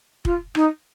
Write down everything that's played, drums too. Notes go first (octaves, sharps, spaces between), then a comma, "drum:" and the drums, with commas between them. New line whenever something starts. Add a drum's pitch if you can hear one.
F4, drum: kick
D#4, drum: rim click